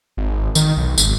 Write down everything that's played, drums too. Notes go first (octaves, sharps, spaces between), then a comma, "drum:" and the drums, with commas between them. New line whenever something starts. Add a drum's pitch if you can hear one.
G#1
D#3, drum: tambourine
B1
G#1, drum: tambourine